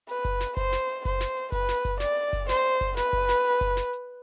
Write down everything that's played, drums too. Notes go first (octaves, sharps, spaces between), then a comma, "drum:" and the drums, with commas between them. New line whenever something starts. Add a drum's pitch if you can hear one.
B4, drum: hi-hat
drum: kick F#1, hi-hat
drum: snare
C5, drum: kick F#1, hi-hat
drum: snare
drum: hi-hat
C5, drum: kick F#1, hi-hat
drum: snare
drum: hi-hat
B4, drum: kick F#1, hi-hat
drum: snare
drum: kick F#1, hi-hat
D5, drum: snare
drum: hi-hat
drum: kick F#1, hi-hat
C5, drum: snare
drum: hi-hat
drum: kick F#1, hi-hat
B4, drum: snare
drum: kick F#1
drum: snare
drum: hi-hat
drum: kick F#1, hi-hat
drum: snare
drum: hi-hat